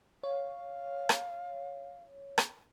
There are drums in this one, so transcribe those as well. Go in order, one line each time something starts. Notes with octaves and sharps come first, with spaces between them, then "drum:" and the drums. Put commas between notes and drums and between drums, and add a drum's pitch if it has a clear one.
C#5 F5
drum: rim click
drum: rim click